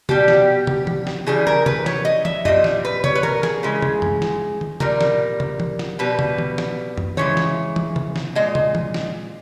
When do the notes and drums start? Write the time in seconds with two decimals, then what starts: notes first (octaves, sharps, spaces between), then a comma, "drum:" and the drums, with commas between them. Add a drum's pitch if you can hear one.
0.09 B2 G3 G4, drum: tom
0.28 drum: snare
0.67 drum: tom
0.87 drum: tom
1.07 drum: snare
1.26 C#3 E3 G3 G#4
1.47 A#4, drum: tom
1.66 B4, drum: tom
1.86 C#5, drum: snare
2.05 D#5
2.25 E5, drum: tom
2.45 A#2 G3 D#5, drum: tom
2.64 drum: snare
2.85 B4
3.04 C#5, drum: tom
3.15 B4
3.23 A#4, drum: tom
3.43 G#4, drum: snare
3.63 C#3 E3 G#3
3.82 drum: tom
4.02 drum: tom
4.22 drum: snare
4.61 drum: tom
4.80 A#2 G3 A#4, drum: tom
5.01 drum: snare
5.40 drum: tom
5.60 drum: tom
5.79 drum: snare
5.99 B2 G3 B4
6.19 drum: tom
6.38 drum: tom
6.58 drum: snare
6.98 drum: tom
7.17 C#3 E3 G#3 C#5, drum: tom
7.37 drum: snare
7.76 drum: tom
7.96 drum: tom
8.16 drum: snare
8.35 A#2 G#3 D#5
8.55 drum: tom
8.75 drum: tom
8.94 drum: snare